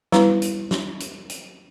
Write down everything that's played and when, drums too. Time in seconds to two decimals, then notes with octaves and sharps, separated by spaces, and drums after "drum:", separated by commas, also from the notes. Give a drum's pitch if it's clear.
0.12 G3 B3 E4 B4 A#5, drum: snare
0.42 drum: hi-hat
0.71 drum: snare
1.00 drum: hi-hat
1.30 drum: hi-hat